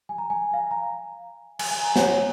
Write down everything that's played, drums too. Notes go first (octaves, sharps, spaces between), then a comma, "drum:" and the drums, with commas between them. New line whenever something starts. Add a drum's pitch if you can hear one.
G#5
A#5
G#5
F5
A#5
G#5, drum: cymbal
G#5
A#5
C#5, drum: snare
C#5